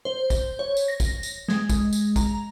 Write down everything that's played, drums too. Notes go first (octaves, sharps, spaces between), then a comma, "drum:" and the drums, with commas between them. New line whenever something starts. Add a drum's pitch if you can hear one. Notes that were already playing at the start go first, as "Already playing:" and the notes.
C5
drum: kick, tambourine
C#5
drum: tambourine
A#6
drum: kick, tambourine
drum: tambourine
G#3, drum: snare
drum: kick, tambourine
drum: tambourine
A#5, drum: kick, tambourine